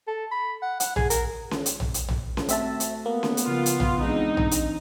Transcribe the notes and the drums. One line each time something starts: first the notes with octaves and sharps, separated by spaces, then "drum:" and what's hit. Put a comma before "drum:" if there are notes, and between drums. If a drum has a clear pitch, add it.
A4
B5
F#5
F#5, drum: hi-hat
G#4, drum: tom A#1
A#4, drum: hi-hat
drum: snare C#4
drum: hi-hat
drum: tom A#1
drum: hi-hat
drum: tom A#1
drum: snare C#4
A3 C4 F#4 E5 A5, drum: hi-hat
drum: hi-hat
A#3 B3
drum: snare C#4
drum: hi-hat
C#3 F3 F4
drum: hi-hat
drum: tom A#1
E3 G#3 C4 D4 D#4
drum: tom A#1
drum: hi-hat